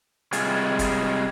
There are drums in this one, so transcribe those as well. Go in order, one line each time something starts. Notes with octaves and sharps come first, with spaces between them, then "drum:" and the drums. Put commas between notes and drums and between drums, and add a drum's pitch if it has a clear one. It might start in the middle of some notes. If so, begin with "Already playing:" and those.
C3 G3 G#3 F4 G#4, drum: hi-hat
drum: kick, hi-hat